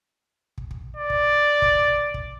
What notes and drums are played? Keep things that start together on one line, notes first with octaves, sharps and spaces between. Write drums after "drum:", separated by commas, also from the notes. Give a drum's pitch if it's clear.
drum: kick
drum: kick
D5
drum: kick
drum: kick
drum: kick
drum: kick